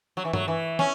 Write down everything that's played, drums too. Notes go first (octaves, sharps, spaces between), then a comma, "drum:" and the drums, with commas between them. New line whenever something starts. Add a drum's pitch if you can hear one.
F#3
E3
F#3, drum: tom G2
E3
C#4, drum: snare